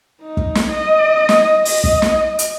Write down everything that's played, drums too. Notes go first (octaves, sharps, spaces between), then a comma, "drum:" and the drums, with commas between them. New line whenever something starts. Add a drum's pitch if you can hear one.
D#4
drum: kick
drum: snare
D#5
drum: snare
D#5, drum: open hi-hat
drum: kick
drum: snare
drum: hi-hat